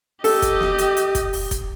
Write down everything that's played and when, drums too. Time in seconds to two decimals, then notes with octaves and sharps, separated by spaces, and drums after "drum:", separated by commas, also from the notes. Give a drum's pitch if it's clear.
0.24 G4 A4 D#5, drum: open hi-hat
0.42 drum: kick, hi-hat
0.60 drum: snare
0.79 drum: hi-hat
0.97 drum: hi-hat
1.15 drum: kick, hi-hat
1.33 drum: open hi-hat
1.51 drum: kick, hi-hat